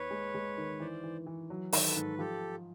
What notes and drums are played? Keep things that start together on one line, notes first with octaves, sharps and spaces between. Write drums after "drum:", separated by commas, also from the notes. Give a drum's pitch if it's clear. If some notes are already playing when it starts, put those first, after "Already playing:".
Already playing: D#2 B4 C#5
G#3
G#3
D#3
E3 C5 D5
E3
E3
F#3
D#3, drum: open hi-hat
A4 B4
G#2
F3 G4 A4